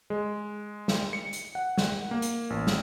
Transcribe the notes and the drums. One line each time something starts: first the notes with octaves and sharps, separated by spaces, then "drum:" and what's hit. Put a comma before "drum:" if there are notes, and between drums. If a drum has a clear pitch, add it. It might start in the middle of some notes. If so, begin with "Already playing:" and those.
G#3
drum: snare
C#7
drum: hi-hat
F#5
drum: snare
A#3
drum: hi-hat
A1
drum: snare